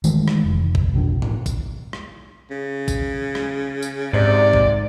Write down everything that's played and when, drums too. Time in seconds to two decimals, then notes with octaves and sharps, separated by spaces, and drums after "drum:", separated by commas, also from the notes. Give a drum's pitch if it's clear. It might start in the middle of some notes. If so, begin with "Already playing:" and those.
0.04 D#3 E3 G#3 A3, drum: tambourine
0.28 drum: rim click
0.44 F1
0.75 drum: kick
0.94 F1 B1 F3 D4
1.22 drum: tom G#2
1.46 drum: kick, tambourine
1.93 drum: rim click
2.51 C#3
2.88 drum: kick, tambourine
3.35 drum: rim click
3.82 drum: tambourine
4.13 G#2 C3 D5
4.53 drum: kick